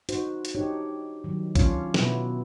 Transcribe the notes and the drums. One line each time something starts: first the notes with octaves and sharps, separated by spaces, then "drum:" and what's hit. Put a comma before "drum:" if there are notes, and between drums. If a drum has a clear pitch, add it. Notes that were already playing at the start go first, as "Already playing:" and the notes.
D#4 F#4 C5, drum: hi-hat
drum: hi-hat
D4 D#4 G4 C#5
D#3 F#3
C#4 D4 F4 C#5 F5, drum: kick A#1, hi-hat
B2 B3 E4, drum: snare